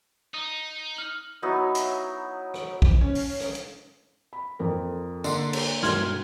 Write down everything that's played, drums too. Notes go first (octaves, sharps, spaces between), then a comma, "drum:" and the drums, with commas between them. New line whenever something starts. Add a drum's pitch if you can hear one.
D#4 D#6
F6 F#7
F#3 B3 D#4 E4
drum: hi-hat
drum: rim click
drum: kick
C#4
drum: open hi-hat
drum: rim click
drum: hi-hat
B5
F2 A4 A#4
D3 A#3 C6, drum: tambourine
drum: cymbal
G2 B2 C6 F6 G#6, drum: snare